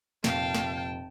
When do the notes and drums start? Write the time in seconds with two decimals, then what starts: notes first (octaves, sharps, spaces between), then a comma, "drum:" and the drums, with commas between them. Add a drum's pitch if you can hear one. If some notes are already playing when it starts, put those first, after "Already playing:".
0.24 F1 A#2 F5 G5 A5, drum: snare
0.54 drum: snare